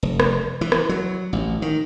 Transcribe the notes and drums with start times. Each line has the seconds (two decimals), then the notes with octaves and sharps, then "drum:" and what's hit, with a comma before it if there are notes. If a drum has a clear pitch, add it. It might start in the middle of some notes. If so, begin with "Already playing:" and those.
0.03 F1
0.20 drum: rim click
0.61 E3
0.72 drum: rim click
0.89 F#3
1.33 A1
1.62 D#3